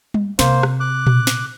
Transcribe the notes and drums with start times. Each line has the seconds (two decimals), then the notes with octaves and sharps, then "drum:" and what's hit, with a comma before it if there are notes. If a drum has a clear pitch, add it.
0.14 drum: tom G3
0.39 C3 A#3 C5, drum: snare
0.63 drum: rim click
0.80 D6 F#6
1.07 drum: tom A#2
1.27 drum: snare